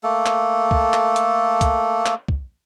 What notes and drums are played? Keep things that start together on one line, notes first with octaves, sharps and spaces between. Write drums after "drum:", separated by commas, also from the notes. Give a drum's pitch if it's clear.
A3 A#3 A4
drum: clap
drum: kick
drum: clap
drum: hi-hat
drum: kick, hi-hat
drum: clap
drum: kick